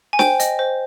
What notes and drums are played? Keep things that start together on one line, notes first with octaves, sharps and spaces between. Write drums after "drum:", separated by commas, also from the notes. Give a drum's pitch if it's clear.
G#5
C5 G5, drum: snare
D#5, drum: hi-hat
C5